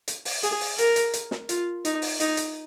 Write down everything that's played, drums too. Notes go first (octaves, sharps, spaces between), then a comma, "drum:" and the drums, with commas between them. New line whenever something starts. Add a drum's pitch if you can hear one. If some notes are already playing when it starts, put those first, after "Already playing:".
drum: hi-hat
drum: open hi-hat
G#4, drum: hi-hat
drum: open hi-hat
A#4, drum: hi-hat
drum: hi-hat
drum: hi-hat
drum: snare
F4, drum: hi-hat
D#4, drum: hi-hat
drum: open hi-hat
D#4, drum: hi-hat
drum: hi-hat